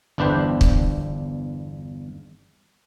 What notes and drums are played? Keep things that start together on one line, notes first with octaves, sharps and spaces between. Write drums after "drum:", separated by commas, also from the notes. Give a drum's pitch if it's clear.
G1 E2 D4 B4 C5 G5
drum: kick